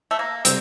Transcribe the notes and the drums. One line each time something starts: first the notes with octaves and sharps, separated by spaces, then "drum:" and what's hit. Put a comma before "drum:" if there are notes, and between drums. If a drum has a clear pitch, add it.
A3
A#3
C3 G3 C4, drum: hi-hat